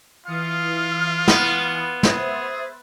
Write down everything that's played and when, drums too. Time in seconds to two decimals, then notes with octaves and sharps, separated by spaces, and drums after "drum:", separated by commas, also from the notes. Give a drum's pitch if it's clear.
0.26 E3 F4 F5 D#6 C#7
1.28 B3, drum: snare
2.03 G#4 C5 E5 A6, drum: snare